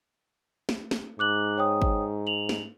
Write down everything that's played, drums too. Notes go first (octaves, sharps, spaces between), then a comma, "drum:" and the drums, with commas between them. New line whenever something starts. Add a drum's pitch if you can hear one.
drum: snare
drum: snare
G#2 D6 F#6 F#7
C#5 G5 D#6
drum: kick
F7 F#7
drum: snare